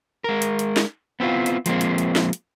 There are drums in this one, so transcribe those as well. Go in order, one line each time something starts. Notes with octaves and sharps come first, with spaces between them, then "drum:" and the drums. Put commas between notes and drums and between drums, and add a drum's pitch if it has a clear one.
G#3 A#4
drum: hi-hat
drum: hi-hat
drum: snare
B3 C4 E4 F4
drum: hi-hat
F3 G#3 A#3 C4, drum: hi-hat
drum: hi-hat
drum: hi-hat
drum: snare
drum: hi-hat